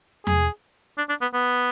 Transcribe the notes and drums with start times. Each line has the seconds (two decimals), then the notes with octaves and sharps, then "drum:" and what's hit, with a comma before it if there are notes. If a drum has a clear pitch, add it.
0.27 G#4, drum: tom E2
0.98 D4
1.09 D4
1.21 B3
1.34 B3